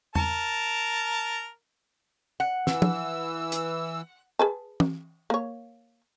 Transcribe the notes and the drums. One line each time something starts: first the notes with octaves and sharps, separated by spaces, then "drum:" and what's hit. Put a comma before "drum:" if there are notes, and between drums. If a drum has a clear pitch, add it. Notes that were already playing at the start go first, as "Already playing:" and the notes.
A#4 A5, drum: tom E2
F#5
E3 E6, drum: snare
drum: tom
drum: hi-hat
G#4 B4 A5
drum: tom
A#3 C#5